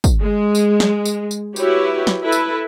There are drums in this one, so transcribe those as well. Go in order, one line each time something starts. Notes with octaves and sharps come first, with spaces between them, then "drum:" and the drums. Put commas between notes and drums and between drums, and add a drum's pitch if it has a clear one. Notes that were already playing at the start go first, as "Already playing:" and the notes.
drum: kick, tambourine
G#3
drum: tambourine
drum: snare
drum: tambourine
drum: tambourine
E4 F#4 G4 B4 C#5, drum: tambourine
drum: snare
E4 A4 B4
drum: tambourine